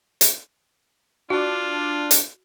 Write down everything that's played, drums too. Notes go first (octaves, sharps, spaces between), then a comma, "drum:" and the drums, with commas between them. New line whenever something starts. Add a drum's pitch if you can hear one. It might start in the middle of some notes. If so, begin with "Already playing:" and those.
drum: hi-hat
D4 F4 F#4
drum: hi-hat